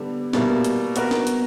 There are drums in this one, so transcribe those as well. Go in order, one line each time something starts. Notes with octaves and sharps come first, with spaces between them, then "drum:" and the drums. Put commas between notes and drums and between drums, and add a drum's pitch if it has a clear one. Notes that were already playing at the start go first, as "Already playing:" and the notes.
Already playing: D3 G3 B3
B2 G3 A#3 E4, drum: snare
drum: hi-hat
B3 F#4 A#4, drum: hi-hat
drum: snare
drum: hi-hat